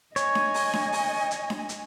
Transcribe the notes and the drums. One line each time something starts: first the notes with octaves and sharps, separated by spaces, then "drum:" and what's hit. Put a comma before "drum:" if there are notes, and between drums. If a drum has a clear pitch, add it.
C#5 D#5 G#5, drum: hi-hat
drum: snare D4
drum: open hi-hat
drum: snare D4
drum: open hi-hat
drum: hi-hat
drum: snare D4
drum: hi-hat